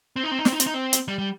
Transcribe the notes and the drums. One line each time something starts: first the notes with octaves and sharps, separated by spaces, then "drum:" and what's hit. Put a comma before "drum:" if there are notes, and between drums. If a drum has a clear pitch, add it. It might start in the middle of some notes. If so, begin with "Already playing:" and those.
C4
D#4
C4
D#4
C4, drum: snare
D#4
C4, drum: hi-hat
D#4
C4
drum: hi-hat
G3
G3